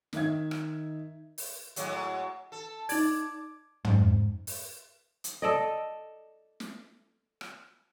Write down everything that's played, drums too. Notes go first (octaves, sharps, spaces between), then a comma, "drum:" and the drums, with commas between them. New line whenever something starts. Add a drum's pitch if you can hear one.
D#3 D#4 D#5 E5 G#6, drum: snare
drum: rim click
drum: open hi-hat
A2 F#3 G#3, drum: hi-hat
A4
D#4 D5 G#6, drum: open hi-hat
G#2, drum: tom
drum: open hi-hat
drum: hi-hat
A4 D5 D#5
drum: snare
drum: rim click